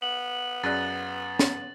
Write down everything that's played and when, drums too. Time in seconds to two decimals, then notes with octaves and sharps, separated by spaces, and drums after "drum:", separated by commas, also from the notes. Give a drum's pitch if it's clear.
0.02 B3 F#7
0.63 F#2 C#4 G#4 D5 F#6 A6
1.39 drum: snare